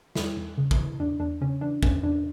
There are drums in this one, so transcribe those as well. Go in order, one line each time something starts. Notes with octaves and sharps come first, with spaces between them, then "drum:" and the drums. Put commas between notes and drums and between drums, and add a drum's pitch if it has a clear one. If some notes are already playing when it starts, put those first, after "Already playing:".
E2 E4, drum: snare
E2
C#3
E4, drum: kick
E3
E2 D4
E2 D4
C#3 C#4
E3 D4
E2 C#4, drum: kick
E2 D4